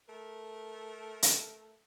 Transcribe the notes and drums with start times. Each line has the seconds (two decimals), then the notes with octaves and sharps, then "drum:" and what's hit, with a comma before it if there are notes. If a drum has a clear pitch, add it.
0.08 A3 A#4
1.22 drum: hi-hat